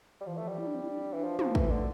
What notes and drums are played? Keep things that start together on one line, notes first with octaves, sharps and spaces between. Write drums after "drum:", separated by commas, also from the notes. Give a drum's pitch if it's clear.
G3
E3 F3
A3
F3
G3
E4
D4
C4
E4
D4
D4
E3 D4
F3
F3, drum: tom
A#3
E3 A3, drum: kick
D3